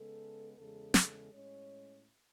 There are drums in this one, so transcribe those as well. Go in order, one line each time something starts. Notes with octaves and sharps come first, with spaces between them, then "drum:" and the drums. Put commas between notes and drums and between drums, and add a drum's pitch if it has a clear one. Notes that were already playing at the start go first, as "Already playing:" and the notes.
Already playing: C#3 G#3 B3 A4
E2 C#3 G#3 A4
A4, drum: snare
A2 G#3 C#4 C#5